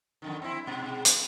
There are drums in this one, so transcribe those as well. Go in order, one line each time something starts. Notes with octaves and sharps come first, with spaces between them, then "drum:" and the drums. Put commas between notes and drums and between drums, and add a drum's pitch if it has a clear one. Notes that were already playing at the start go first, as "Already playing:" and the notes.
F2 D3 D#3
C4 E4
G#2 B2
drum: hi-hat